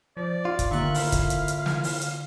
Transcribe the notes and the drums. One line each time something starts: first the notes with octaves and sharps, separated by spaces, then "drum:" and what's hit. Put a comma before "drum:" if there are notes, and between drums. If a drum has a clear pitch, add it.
F3 D5
F4 F5
drum: kick, hi-hat
D3 D#3 A#3 E5 C#6 F#6
E4 F5 B5, drum: open hi-hat
drum: kick, hi-hat
drum: hi-hat
drum: hi-hat
drum: snare
drum: open hi-hat
drum: hi-hat